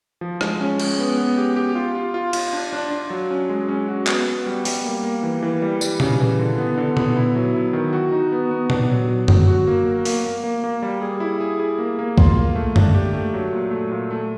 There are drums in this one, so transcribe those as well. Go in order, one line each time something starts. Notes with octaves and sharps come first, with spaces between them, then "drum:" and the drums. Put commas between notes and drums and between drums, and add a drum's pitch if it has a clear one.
F3
G#3, drum: rim click
C#4
G#3, drum: cymbal
B3
B3
G4
G4
F4
F4
F4
F4, drum: cymbal
D4
D4
D4
F#3
C#4
G#3
C#4
F#4
B3, drum: clap
B3
G3
G3, drum: open hi-hat
A#3
A#3
E3
E3
G3
G3, drum: tambourine
C#3, drum: tom A#2
E3
D3
B3
D3
B3, drum: tom A#2
E4
F#3
E4
D#3
F#4
D#4
B3
B3
D4, drum: tom A#2
F#3
F#3
F#3, drum: tom F#2
F#4
A#3
A#4
A#3, drum: open hi-hat
A#3
A#3
A#3
G3
G#4
E4
G#4
G#4
A#3
A#3
F4, drum: kick B1
A#3
A3
D4, drum: tom F#2
G4
A3
F#3
A#2
A3
A#2
A3